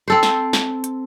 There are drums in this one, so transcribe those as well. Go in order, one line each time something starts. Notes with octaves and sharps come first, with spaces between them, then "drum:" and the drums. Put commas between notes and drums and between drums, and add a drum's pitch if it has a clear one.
C4 A4 C5
drum: snare
drum: snare
drum: hi-hat